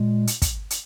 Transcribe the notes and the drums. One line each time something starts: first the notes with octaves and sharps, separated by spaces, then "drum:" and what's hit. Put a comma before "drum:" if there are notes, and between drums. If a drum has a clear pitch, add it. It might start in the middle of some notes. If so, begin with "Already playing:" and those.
Already playing: A#2 G#3
drum: hi-hat
drum: kick, hi-hat
drum: hi-hat